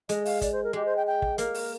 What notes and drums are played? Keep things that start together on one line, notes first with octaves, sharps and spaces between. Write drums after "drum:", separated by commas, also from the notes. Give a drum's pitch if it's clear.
G#3 D#5, drum: hi-hat
F5, drum: open hi-hat
D5, drum: kick, hi-hat
C5
A#4
G#3 G4
C5
G5
G5
drum: kick
A#3 A#4, drum: hi-hat
drum: open hi-hat